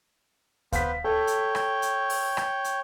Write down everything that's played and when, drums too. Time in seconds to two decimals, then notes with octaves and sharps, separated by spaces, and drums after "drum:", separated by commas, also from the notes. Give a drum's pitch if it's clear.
0.72 B3 B4 C5 F5 B6, drum: kick D2, hi-hat
1.04 A4 C#5 G5
1.27 drum: hi-hat
1.55 drum: rim click
1.82 drum: hi-hat
2.10 drum: open hi-hat
2.37 drum: rim click
2.64 drum: hi-hat